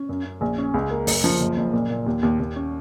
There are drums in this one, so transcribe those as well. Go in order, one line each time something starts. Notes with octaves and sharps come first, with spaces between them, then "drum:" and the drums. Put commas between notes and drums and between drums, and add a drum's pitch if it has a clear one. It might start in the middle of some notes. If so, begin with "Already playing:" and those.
Already playing: C#4
F#2
C#4
A#1
C#4
C#2
A#3
F#1, drum: open hi-hat
F3
F#1
F#1
A#2
A#2
D#2
D#2
D#2
C#4